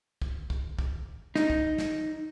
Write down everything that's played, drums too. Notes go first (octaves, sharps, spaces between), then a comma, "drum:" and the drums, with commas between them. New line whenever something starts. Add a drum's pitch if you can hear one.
drum: kick
drum: kick
drum: kick
D#4, drum: snare
drum: kick
drum: snare